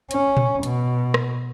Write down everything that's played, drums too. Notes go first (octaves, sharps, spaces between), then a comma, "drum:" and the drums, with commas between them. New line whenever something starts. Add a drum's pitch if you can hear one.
C#4, drum: hi-hat
drum: tom A#2
B2, drum: hi-hat
drum: rim click